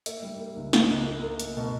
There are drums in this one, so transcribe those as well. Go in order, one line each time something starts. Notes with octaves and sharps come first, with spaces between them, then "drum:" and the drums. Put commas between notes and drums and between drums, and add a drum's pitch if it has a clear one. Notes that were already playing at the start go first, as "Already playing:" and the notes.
A#3 E5, drum: hi-hat
G3
A#3
C#2
A#3, drum: snare
C#2
A#3
A#3
A#3, drum: hi-hat
B2